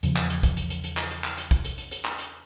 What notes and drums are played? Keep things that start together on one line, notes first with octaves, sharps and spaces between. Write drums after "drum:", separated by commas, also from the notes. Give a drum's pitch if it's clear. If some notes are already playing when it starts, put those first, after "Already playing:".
E2 C#3 F3, drum: hi-hat
drum: clap
drum: hi-hat
drum: kick, hi-hat
drum: hi-hat
drum: hi-hat
drum: hi-hat
drum: clap
drum: hi-hat
drum: clap
drum: hi-hat
drum: kick, hi-hat
drum: hi-hat
drum: hi-hat
drum: hi-hat
drum: clap
drum: hi-hat